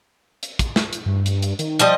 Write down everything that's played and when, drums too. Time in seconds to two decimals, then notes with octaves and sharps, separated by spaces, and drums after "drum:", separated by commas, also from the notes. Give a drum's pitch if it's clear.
0.43 drum: hi-hat
0.59 drum: kick, hi-hat
0.76 drum: snare
0.93 drum: hi-hat
1.06 G2
1.26 drum: hi-hat
1.42 drum: hi-hat
1.59 D#3, drum: hi-hat
1.79 F3 G3 D#5